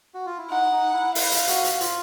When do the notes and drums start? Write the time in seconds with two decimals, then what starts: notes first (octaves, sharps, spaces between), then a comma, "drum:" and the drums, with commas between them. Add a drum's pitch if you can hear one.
0.14 F#4
0.26 F4
0.38 E4
0.50 D#4 F#5
0.72 D#4
0.93 E4
1.15 E4 F5, drum: open hi-hat
1.32 drum: hi-hat
1.48 F#4, drum: hi-hat
1.64 drum: hi-hat
1.74 F#4
1.81 F4, drum: hi-hat